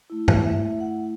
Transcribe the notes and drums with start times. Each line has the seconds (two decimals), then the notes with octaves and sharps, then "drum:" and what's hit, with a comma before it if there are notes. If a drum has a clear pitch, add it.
0.10 A3 E4
0.28 drum: tom G2
0.45 E5
0.80 F#5